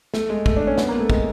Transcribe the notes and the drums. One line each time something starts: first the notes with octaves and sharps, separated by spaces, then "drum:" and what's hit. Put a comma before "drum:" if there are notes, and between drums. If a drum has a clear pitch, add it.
A3, drum: snare
G#3
A3, drum: kick
D4
C#4
B3, drum: snare
A#3
A3
G#3, drum: kick